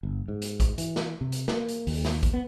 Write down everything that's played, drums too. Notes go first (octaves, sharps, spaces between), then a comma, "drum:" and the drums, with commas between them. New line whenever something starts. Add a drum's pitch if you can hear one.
G1
G#2
drum: hi-hat
drum: kick, hi-hat
E3, drum: hi-hat
drum: snare
C3
drum: hi-hat
A#3, drum: snare
drum: hi-hat
D#2, drum: open hi-hat
drum: snare
drum: kick, hi-hat
B3